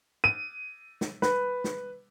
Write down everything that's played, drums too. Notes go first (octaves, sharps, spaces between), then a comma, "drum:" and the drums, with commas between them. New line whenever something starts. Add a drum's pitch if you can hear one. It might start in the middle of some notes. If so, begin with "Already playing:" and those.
D#7
drum: snare
B4, drum: snare
drum: snare